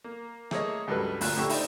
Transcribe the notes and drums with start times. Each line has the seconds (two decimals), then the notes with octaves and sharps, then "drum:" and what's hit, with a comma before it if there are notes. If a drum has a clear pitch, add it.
0.04 A#3
0.51 A3 A#3 G#4 C#5 D#5, drum: rim click
0.87 C#2 G2 F#3 A4 B4
1.21 D2 A#2 F4 F#6, drum: open hi-hat
1.36 A2 D3 C4 G4 C#6 E6
1.49 D#4 E4 C5 D5, drum: open hi-hat